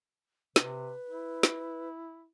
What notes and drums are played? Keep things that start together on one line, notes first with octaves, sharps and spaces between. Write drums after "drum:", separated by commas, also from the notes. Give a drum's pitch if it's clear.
C3 B4, drum: snare
E4
drum: snare